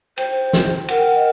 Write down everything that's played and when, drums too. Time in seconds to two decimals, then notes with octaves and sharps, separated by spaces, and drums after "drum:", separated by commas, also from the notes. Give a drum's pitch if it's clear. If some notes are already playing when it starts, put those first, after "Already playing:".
0.18 C5 G5, drum: cymbal
0.53 drum: snare
0.88 A#4 F#5, drum: cymbal
0.98 G5
1.07 F#5
1.16 D#5